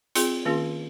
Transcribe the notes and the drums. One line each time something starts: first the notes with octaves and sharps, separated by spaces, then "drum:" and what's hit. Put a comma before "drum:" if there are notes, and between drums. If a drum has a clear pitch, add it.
C4 F4 G#4, drum: hi-hat
D#3 A#3 C#4 F4 G#4